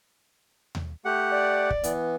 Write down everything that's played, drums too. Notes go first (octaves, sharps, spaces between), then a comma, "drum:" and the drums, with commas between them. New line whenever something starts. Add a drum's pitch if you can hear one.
drum: tom D#2
A3 G4 F#5
D5
drum: kick
E3 B3, drum: hi-hat